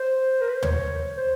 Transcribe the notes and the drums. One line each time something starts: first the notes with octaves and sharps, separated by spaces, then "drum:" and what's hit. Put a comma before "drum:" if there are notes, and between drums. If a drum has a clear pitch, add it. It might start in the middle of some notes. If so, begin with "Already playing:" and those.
Already playing: C5
A#4
B4
C5
C#5, drum: tom
C5